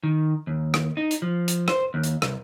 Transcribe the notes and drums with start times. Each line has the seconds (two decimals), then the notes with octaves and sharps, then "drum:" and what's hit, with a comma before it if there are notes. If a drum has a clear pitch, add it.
0.04 D#3
0.47 D#2
0.74 drum: rim click
0.97 D#4
1.11 drum: hi-hat
1.22 F3
1.48 drum: hi-hat
1.68 C5, drum: rim click
1.94 D#2
2.04 drum: hi-hat
2.22 C2, drum: rim click